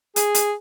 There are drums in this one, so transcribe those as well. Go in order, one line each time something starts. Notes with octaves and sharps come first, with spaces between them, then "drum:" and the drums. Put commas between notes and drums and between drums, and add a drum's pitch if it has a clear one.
G#4, drum: hi-hat
drum: hi-hat